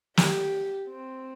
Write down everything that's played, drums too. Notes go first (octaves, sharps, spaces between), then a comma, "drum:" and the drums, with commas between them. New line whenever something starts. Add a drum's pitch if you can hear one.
G4, drum: snare
C4